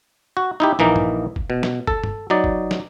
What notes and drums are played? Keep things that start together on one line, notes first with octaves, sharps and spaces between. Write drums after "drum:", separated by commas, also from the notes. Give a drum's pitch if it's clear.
F#4
D#4 E4 G4
A#1 E3 A#3 D#4
drum: tom
drum: kick F#1
B2
drum: snare
A4, drum: kick F#1
drum: tom
F#3 D#4 D5
drum: kick F#1
drum: snare